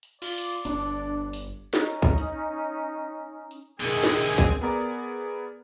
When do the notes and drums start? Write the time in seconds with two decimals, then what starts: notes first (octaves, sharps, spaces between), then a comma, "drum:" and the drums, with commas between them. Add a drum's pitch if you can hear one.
0.03 drum: hi-hat
0.22 F4 D5, drum: cymbal
0.38 drum: open hi-hat
0.65 G1 D4, drum: cymbal
1.33 drum: open hi-hat
1.74 C#4 D#4, drum: snare
2.02 drum: kick B1
2.18 drum: hi-hat
3.51 drum: hi-hat
3.80 C2 D3 D#3 C4 G#4 G#5
4.03 drum: snare
4.38 drum: kick B1
4.61 B3 G#4 A#4 D5